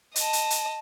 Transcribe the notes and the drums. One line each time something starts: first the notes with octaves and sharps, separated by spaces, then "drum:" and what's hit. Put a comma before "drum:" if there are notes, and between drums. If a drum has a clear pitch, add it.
D#5 A5, drum: hi-hat
drum: hi-hat
drum: hi-hat